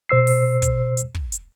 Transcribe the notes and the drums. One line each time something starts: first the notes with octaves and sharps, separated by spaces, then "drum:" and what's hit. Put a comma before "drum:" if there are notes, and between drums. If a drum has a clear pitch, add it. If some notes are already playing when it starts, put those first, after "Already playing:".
B2 C5 E6 C7
drum: open hi-hat
drum: kick, hi-hat
drum: hi-hat
drum: kick
drum: hi-hat